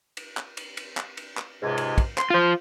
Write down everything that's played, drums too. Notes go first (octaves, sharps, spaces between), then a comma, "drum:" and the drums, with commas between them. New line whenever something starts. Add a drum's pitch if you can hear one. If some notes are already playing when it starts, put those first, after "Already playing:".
drum: cymbal
drum: clap
drum: cymbal
drum: cymbal
drum: clap
drum: cymbal
drum: clap
C#2 G#2 C3
drum: cymbal
drum: kick, cymbal
C6, drum: clap
F4 C5